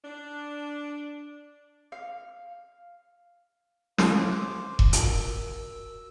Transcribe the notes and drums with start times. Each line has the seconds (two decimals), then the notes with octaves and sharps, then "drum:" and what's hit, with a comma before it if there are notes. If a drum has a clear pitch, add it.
0.04 D4
1.92 F5
3.98 C5 D6, drum: snare
4.79 drum: kick E1
4.93 F#4 A#4 E6, drum: hi-hat